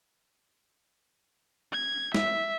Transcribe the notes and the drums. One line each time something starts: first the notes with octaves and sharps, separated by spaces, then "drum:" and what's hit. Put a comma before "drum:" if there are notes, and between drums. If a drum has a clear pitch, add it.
G#6
E5, drum: snare